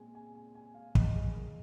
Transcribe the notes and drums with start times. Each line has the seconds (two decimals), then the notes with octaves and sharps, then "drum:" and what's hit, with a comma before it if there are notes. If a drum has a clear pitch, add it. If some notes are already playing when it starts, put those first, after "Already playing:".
Already playing: A#2 G#3 C4 G#5
0.15 G#5
0.35 G#5
0.55 G#5
0.74 F5
0.95 D#5, drum: kick
1.15 G#4
1.36 A#4